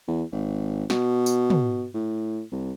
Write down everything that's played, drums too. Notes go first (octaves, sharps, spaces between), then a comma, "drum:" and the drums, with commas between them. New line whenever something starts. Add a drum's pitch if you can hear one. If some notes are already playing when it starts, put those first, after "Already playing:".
E2
G#1
B2, drum: snare
drum: tambourine
drum: tom
A2
C2